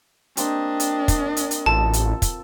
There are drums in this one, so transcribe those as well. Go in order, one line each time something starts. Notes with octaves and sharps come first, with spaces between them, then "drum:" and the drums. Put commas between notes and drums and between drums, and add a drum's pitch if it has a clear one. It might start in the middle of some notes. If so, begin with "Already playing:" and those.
A#3 C4 D4 G4 D#5, drum: hi-hat
drum: hi-hat
drum: kick, hi-hat
drum: hi-hat
drum: hi-hat
A1 F4 A4 A5
drum: hi-hat
drum: kick, hi-hat